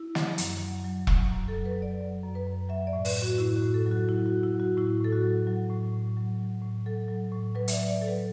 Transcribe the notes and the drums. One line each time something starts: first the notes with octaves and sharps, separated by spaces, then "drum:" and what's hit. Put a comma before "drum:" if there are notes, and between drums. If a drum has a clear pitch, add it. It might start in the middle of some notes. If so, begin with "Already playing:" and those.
Already playing: E4
F#3, drum: snare
F#2, drum: hi-hat
F#3
F#3
F#3, drum: kick E1
F#2
A4
F#3
B4
F#3
D5
F#3
F#2
B4
F#2
F#3 E5
D5
A2
B4, drum: open hi-hat
A2
F#4
A2 E4
F#4
A2
A4
F#3
F#4
F#3 E4
F#4
F#3
E4
F#3
F#4
A2 E4
A2 A4
F#4
F#3
F#3
A2
A2
F#3
F#3
A2
F#3 A4
F#3
A2
F#3 B4
E5, drum: hi-hat
D5
F#3
D5
F#3 A4
B4